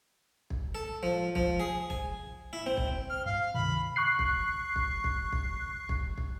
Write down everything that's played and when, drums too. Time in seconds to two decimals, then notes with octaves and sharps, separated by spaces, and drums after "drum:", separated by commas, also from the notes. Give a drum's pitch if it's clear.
0.50 drum: kick
0.75 A4
1.03 F3
1.35 F3, drum: kick
1.60 G#4
1.90 G#5, drum: kick
2.53 E4
2.66 C4
2.77 drum: kick
3.10 F6
3.26 G2 F5
3.54 C#2 C3 D#3 B5
3.96 C#6 F#6 C7
4.19 drum: kick
4.76 drum: kick
5.04 drum: kick
5.32 drum: kick
5.89 drum: kick
6.18 drum: kick